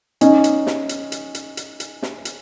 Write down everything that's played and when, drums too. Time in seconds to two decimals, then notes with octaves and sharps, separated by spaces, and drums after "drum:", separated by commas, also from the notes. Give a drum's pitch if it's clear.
0.21 C#4 D#4, drum: hi-hat
0.44 drum: hi-hat
0.67 drum: snare
0.89 drum: hi-hat
1.12 drum: hi-hat
1.35 drum: hi-hat
1.57 drum: hi-hat
1.80 drum: hi-hat
2.03 drum: snare
2.25 drum: hi-hat